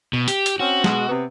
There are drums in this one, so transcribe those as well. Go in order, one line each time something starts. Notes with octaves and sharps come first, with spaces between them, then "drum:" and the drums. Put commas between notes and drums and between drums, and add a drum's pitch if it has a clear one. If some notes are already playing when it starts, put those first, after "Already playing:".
B2
G4, drum: hi-hat
drum: hi-hat
C4 C#4 F#4
B2 G#3, drum: snare
C3 B3 C4